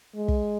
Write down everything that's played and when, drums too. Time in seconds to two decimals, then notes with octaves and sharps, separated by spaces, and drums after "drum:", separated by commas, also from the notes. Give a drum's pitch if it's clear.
0.16 G#3
0.28 drum: kick